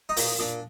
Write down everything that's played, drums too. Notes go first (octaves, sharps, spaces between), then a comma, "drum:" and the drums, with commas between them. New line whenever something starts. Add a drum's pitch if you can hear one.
D#4
A#2, drum: open hi-hat
A#2 D4